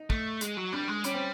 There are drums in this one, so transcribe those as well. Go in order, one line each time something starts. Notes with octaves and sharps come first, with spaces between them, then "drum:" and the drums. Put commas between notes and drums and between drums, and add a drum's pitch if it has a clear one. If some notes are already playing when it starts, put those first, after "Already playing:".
Already playing: D#4
A3, drum: kick
G#3, drum: hi-hat
F#3
G3 D4
G#3
G3 C#4, drum: hi-hat
C4